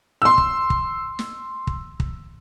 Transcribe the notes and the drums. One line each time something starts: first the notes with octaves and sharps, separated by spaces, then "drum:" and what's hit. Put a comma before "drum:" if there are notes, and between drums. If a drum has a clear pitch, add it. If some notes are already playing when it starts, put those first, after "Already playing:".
C6 E6
drum: kick
drum: kick
drum: snare
drum: kick
drum: kick